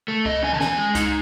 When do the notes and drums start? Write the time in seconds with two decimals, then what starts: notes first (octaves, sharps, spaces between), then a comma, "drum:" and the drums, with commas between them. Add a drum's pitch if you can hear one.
0.08 A3
0.25 C#4 D#5, drum: kick C#2
0.43 D#3 G#5
0.54 A5
0.60 E2 G#5, drum: snare
0.78 G#3
0.95 D#4, drum: kick C#2, hi-hat